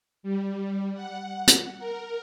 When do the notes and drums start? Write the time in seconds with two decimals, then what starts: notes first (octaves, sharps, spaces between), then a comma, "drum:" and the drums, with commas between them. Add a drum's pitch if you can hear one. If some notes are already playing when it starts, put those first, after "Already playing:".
0.23 G3
0.94 F#5
1.47 drum: hi-hat
1.79 A#4